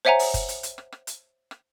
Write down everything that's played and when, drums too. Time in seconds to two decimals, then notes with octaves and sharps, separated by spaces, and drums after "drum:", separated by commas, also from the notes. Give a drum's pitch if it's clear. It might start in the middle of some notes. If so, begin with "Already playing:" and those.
0.05 C5 C#5 E5 F#5 G#5 A#5
0.19 drum: open hi-hat
0.34 drum: kick F#1, hi-hat
0.49 drum: hi-hat
0.63 drum: hi-hat
0.78 drum: rim click
0.92 drum: rim click
1.07 drum: hi-hat
1.51 drum: rim click